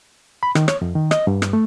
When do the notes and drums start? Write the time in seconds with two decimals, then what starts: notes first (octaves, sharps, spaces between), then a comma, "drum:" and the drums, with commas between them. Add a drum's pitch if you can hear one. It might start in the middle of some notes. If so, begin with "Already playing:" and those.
0.43 B5
0.55 D#3, drum: rim click
0.68 C#5, drum: rim click
0.82 F2
0.95 D#3
1.11 D#5, drum: rim click
1.27 G2
1.42 drum: rim click
1.53 A3